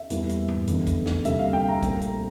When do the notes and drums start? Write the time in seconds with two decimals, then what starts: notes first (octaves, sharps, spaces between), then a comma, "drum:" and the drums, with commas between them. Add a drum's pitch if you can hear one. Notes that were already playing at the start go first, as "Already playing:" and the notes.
Already playing: E5
0.10 E2 E3 G3 A#3, drum: hi-hat
0.29 drum: hi-hat
0.48 drum: tom G2
0.67 F1 E2 D3 A3, drum: hi-hat
0.87 drum: kick, hi-hat
1.06 drum: snare
1.25 D2 C3 G3 A#3 E5, drum: hi-hat
1.39 F5
1.53 G5
1.69 A#5
1.83 C2 A#2 A3 C4, drum: kick, hi-hat
2.01 drum: hi-hat